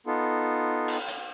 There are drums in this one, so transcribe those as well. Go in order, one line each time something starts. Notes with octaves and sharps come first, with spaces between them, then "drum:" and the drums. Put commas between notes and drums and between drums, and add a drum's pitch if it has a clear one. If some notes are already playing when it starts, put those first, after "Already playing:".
B3 D#4 F4 A4
drum: cymbal
drum: hi-hat